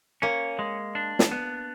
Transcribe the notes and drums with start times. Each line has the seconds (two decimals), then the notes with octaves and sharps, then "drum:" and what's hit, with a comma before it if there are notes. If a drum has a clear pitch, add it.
0.22 A#3 C#4
0.59 G#3
0.95 D4
1.19 drum: snare
1.31 B3